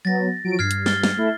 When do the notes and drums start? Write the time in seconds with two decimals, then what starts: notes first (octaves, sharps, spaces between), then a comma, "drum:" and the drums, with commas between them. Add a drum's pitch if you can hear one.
0.05 F#3 B3 A6 A#6
0.44 F3 F#3 D7
0.59 G2 F6 G#6 C7
0.71 drum: hi-hat
0.86 F6 A6 G7, drum: snare
1.03 drum: snare
1.17 A3 E4